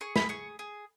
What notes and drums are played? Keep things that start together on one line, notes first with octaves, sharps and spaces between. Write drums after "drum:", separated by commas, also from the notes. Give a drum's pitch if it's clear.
G#4 C#6
B5, drum: snare
G#4 C#6
G#4